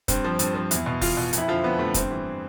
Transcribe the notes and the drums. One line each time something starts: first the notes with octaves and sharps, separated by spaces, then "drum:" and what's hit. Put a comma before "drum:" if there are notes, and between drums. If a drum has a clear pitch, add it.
G2 C4, drum: kick, hi-hat
F3
G2, drum: hi-hat
F3
E2 E4, drum: hi-hat
B2
E2 F4, drum: kick, open hi-hat
B2
F2, drum: hi-hat
E4
D3 F3 F4
F2 B3
D3 F3 A3
G2 C4, drum: kick, hi-hat
E3